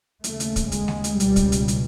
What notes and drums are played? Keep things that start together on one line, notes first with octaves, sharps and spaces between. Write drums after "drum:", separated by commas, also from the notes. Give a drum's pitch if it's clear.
D#2 C#3 A3, drum: hi-hat
drum: hi-hat
drum: kick, hi-hat
G#3, drum: hi-hat
drum: snare G#3
drum: hi-hat
C#2 B2 G3, drum: hi-hat
drum: kick, hi-hat
drum: hi-hat
drum: hi-hat